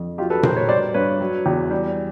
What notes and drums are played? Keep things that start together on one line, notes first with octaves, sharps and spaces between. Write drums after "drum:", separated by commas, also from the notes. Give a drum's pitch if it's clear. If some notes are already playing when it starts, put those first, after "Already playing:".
Already playing: F2
F#3 F4 G4
A4 B4
F#3 A#4 C5, drum: tom A#2
B4 C#5
G3 C5 D5
G2 B4 C#5
F#3
E2
G3